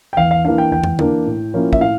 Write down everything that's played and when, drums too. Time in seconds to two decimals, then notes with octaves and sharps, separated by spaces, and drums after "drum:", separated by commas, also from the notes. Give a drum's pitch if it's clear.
0.13 G5
0.17 E2 F5
0.31 F5
0.44 E3 A#3 D4 F5
0.58 G5
0.71 E2 G5
0.84 drum: tom
0.99 E3 A#3 D4, drum: tom D3
1.26 A2
1.54 F3 A#3 C#4 E4
1.73 E5, drum: kick
1.81 A2 F5